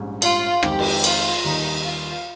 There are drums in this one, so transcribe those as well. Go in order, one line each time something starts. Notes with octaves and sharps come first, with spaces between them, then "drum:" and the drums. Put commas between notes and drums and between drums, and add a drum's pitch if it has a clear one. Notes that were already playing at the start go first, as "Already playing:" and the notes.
Already playing: A#1 G#2 G3 C#4
F4, drum: cymbal
F2 D#3 G#3 C4 D#4 G4, drum: rim click
drum: cymbal
F4, drum: cymbal
D#2 D#3 G3 D#4
F4